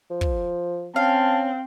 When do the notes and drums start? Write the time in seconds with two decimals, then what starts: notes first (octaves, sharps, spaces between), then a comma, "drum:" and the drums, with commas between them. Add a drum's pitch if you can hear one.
0.11 F3
0.21 drum: kick
0.96 C4 C#4 F5 A5